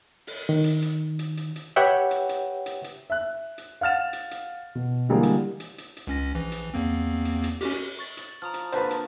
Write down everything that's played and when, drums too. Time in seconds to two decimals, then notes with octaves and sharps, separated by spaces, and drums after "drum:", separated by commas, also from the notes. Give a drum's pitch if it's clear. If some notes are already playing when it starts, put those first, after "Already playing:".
0.27 drum: open hi-hat
0.49 D#3
0.64 drum: hi-hat
0.82 drum: hi-hat
1.19 drum: hi-hat
1.37 drum: hi-hat
1.56 drum: hi-hat
1.76 G4 B4 C#5 E5 F#5 G5
2.11 drum: hi-hat
2.29 drum: hi-hat
2.66 drum: hi-hat
2.84 drum: hi-hat
3.10 E5 F#6
3.58 drum: hi-hat
3.81 F5 F#5 F6 A6 E7
4.13 drum: hi-hat
4.31 drum: hi-hat
4.75 B2
5.09 D3 E3 G3 G#3 A#3 G#4
5.23 drum: hi-hat
5.60 drum: hi-hat
5.78 drum: hi-hat
5.97 drum: hi-hat
6.07 C#2 C#4 A#6
6.35 A#1 E3
6.52 drum: hi-hat
6.74 E2 A#3 C4
7.25 drum: hi-hat
7.44 drum: hi-hat
7.61 C#4 F#4 G4, drum: open hi-hat
7.99 C#6 A6 F#7
8.17 drum: hi-hat
8.42 F3 A#5 D#6 F6
8.54 drum: hi-hat
8.72 D3 F3 A#3 B4 C5, drum: hi-hat
8.91 drum: hi-hat